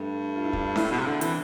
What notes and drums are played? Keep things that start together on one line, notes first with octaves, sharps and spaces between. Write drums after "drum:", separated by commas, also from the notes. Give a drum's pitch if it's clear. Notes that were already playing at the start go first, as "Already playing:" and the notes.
Already playing: G2 A3
F4
E4
D4, drum: kick
A2 E4, drum: snare C#4
B2 E4
C3
D3 D4
E3 C4, drum: hi-hat